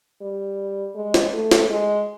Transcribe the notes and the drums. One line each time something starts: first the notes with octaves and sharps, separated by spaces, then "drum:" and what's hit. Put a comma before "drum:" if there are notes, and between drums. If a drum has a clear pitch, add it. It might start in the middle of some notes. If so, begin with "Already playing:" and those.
G3
G#3
drum: snare
A3
drum: snare
G#3